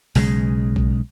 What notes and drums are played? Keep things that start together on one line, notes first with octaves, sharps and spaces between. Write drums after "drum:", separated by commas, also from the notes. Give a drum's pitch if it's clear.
B1 C#3 F#3 G#3, drum: open hi-hat
drum: kick A#1